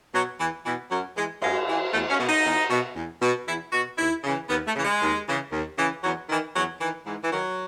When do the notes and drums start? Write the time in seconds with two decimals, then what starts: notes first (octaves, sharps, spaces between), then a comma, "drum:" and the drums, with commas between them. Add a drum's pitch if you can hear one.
0.14 B2 F#3
0.40 E2 E3
0.66 B2 E3
0.91 F#2 F#3
1.17 E3 G#3
1.42 F#2 G#3, drum: cymbal
1.68 E3
1.93 E2 A3
2.10 C#4
2.20 B2
2.28 D#4
2.45 E2
2.70 B2
2.96 E2
3.22 B2
3.47 E2 E4
3.73 B2 F#4
3.98 D#2 E4
4.24 C#3 E3
4.50 D#2 B3
4.67 A3
4.75 C#3 E3
4.84 G#3
5.01 D#2
5.27 C#3 E3
5.52 D#2
5.78 C#3 E3
6.03 E2 F#3
6.29 D#3 E3
6.55 E2 F#3
6.80 D#3 E3
7.06 G#2 E3
7.23 E3
7.31 D#3 F#3